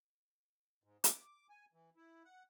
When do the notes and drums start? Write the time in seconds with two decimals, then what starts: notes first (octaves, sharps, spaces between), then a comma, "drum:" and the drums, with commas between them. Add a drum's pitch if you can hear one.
0.84 G#2
1.04 D6, drum: hi-hat
1.49 G#5
1.73 E3
1.96 E4
2.25 F#5